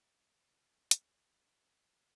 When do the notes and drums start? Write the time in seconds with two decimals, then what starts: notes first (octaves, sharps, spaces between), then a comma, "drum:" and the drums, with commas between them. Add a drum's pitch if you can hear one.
0.19 G#3 B3 E4 C#6 F6 C#7
0.91 D2 G#2 G3 C#5, drum: hi-hat